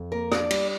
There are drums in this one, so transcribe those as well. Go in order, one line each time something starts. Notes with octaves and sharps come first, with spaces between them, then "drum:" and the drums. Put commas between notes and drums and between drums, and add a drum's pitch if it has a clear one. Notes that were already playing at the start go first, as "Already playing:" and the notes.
Already playing: F2
A#3 A#4
D4 D5, drum: rim click
G3, drum: cymbal